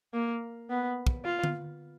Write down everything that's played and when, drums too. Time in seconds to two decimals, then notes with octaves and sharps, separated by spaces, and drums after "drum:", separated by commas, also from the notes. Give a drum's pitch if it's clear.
0.14 A#3
0.70 B3
1.07 drum: kick
1.25 F4
1.44 drum: tom D3